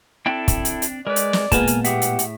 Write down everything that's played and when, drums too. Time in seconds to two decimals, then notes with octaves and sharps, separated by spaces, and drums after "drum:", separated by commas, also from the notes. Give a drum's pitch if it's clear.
0.26 C4 D4 E4 A4 G5
0.48 drum: kick, hi-hat
0.65 drum: hi-hat
0.82 drum: hi-hat
1.07 G#3 A#4 B4 D5
1.16 drum: hi-hat
1.33 drum: snare
1.52 A#2 G#3 A#3 B3 A#4 G#5 A5 F6, drum: kick, hi-hat
1.67 drum: hi-hat
1.84 A2 G4 G#4 E5 F#5, drum: hi-hat
2.02 drum: hi-hat
2.19 drum: hi-hat